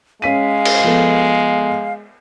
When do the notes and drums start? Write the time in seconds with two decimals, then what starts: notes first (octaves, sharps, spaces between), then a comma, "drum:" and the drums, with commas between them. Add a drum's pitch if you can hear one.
0.22 G#3 C#4 F5 B6 D#7
0.65 drum: cymbal
0.84 F3 B3 A4